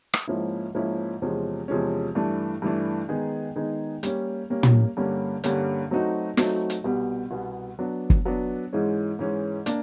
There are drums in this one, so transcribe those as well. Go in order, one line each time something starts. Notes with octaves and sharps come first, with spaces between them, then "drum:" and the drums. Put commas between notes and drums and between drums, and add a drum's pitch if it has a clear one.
drum: rim click
G#2 F3 A#3 C#4 E4
G#2 F3 A#3 C#4 E4
E2 C3 F3 G#3 C#4
E2 C3 F3 G#3 C#4
G2 E3 A3 D4
G2 E3 A3 D4
D#3 G#3 B3 D#4 G#4
D#3 G#3 B3 D#4 G#4
G3 A#3 C#4, drum: hi-hat
G3 A#3 C#4
drum: tom
G2 D3 G3 A#3 C#4
G2 D3 G3 A#3 C#4, drum: hi-hat
F#3 A3 C4 D#4 F#4
F#3 A3 C4 D#4 F#4, drum: snare
drum: hi-hat
C2 B2 G3 B3
C2 B2 G3 B3
F#3 B3 D4
drum: kick
F#3 B3 D4
G#2 E3 G#3 C#4
G#2 E3 G#3 C#4
A#3 D4, drum: hi-hat